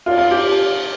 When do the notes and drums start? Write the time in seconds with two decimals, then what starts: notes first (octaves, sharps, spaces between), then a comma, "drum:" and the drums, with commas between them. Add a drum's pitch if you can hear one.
0.06 F4, drum: cymbal
0.18 F4
0.31 G4